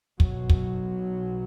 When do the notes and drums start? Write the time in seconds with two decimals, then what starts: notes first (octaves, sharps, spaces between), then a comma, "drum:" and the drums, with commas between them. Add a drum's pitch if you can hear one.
0.20 B1 B2 F#3, drum: kick
0.50 drum: kick